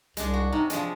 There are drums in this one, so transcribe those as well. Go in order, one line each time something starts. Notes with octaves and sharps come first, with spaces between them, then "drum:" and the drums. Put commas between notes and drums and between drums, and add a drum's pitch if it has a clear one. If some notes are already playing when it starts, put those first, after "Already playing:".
C2 G#3 D4, drum: hi-hat
F#4
C3 D#4
F3 G#3 D4, drum: hi-hat